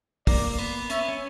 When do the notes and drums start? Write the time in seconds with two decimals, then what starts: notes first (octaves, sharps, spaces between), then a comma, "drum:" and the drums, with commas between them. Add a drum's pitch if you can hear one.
0.27 A#3 D5, drum: kick, open hi-hat
0.58 B3
0.90 C#4 E5, drum: hi-hat
0.99 B3
1.08 C#4